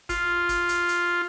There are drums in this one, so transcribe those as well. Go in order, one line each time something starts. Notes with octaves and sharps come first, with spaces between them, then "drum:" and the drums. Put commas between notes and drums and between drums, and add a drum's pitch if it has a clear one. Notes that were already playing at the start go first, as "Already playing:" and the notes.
F4, drum: kick, hi-hat
drum: kick, hi-hat
drum: hi-hat
drum: hi-hat